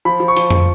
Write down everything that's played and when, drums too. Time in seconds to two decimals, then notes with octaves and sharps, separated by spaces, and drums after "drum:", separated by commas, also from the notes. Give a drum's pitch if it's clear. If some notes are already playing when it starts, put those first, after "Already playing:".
0.05 F3 B5
0.20 F3
0.28 C#6
0.36 F3, drum: open hi-hat
0.50 drum: tom F2